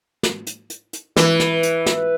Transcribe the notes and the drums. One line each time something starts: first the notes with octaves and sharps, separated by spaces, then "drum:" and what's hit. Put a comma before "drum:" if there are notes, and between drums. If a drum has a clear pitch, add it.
drum: snare
drum: hi-hat
drum: hi-hat
drum: hi-hat
E3 B4, drum: snare
drum: snare
drum: hi-hat
drum: snare